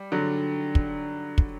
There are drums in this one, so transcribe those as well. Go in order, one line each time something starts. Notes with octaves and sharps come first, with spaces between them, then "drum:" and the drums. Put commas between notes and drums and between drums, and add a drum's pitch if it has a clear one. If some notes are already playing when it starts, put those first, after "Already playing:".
Already playing: G3
D3 F#3
drum: kick
drum: kick